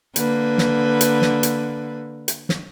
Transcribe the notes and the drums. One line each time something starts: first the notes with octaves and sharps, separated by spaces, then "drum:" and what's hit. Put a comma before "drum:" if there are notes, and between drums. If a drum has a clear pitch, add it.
D3 A#3 B4, drum: hi-hat
drum: snare
drum: hi-hat
drum: snare
drum: hi-hat
drum: hi-hat
drum: snare